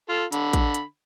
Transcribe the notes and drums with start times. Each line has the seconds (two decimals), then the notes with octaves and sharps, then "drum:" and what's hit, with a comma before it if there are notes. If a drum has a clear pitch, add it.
0.09 F4 A4
0.32 D3 B5, drum: hi-hat
0.53 drum: kick, hi-hat
0.74 drum: hi-hat